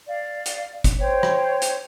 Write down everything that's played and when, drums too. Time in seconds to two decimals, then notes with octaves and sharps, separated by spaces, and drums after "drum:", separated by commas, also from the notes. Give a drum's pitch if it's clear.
0.07 D5 F5
0.46 drum: hi-hat
0.84 drum: kick, hi-hat
1.00 C5 C#5 G5
1.23 drum: rim click
1.62 drum: hi-hat